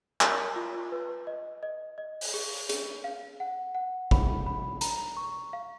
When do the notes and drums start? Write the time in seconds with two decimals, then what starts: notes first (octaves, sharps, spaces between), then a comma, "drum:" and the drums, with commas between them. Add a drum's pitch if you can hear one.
0.21 A#4, drum: clap
0.56 F4
0.92 B4
1.27 D#5
1.63 D#5
1.98 D#5
2.21 drum: open hi-hat
2.34 G#4
2.69 G#4, drum: hi-hat
3.04 F5
3.40 F#5
3.75 F#5
4.11 B5, drum: kick
4.46 B5
4.81 A#5, drum: hi-hat
5.17 C#6
5.53 F5